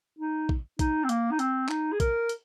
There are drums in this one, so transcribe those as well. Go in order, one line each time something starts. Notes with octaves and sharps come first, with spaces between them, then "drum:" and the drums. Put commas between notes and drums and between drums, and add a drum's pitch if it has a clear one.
D#4
drum: kick
D#4, drum: kick, hi-hat
C4
A#3, drum: hi-hat
D#4
C4, drum: hi-hat
D#4, drum: clap
G#4
A#4, drum: kick, hi-hat
drum: hi-hat